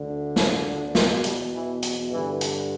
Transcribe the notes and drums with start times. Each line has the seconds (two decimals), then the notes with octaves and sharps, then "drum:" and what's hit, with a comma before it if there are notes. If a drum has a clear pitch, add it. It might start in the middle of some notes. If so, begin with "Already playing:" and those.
Already playing: D2 D3
0.36 E4, drum: snare
0.66 D4
0.95 E2 B2 A3, drum: snare
1.24 G3, drum: hi-hat
1.53 E3
1.82 drum: hi-hat
2.11 G2 D3 E3
2.41 drum: hi-hat